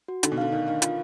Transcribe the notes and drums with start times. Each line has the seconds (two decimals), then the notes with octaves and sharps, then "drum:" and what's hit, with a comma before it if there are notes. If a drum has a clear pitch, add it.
0.08 F#4
0.23 D3 D#4, drum: hi-hat
0.32 B2
0.38 D3 F5
0.52 D#3 D4
0.67 D#3 F5
0.82 F4, drum: hi-hat